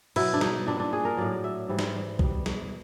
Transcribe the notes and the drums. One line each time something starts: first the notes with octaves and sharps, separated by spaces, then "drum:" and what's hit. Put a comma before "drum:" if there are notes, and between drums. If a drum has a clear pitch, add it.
B2 F#3 E4, drum: cymbal
D4
D#4, drum: snare
A#2 G3 D4
D4
G#4
A#4
A2 F#3 D5
E5
G#2 E3 G3
drum: snare
B2 G3, drum: kick B1
drum: snare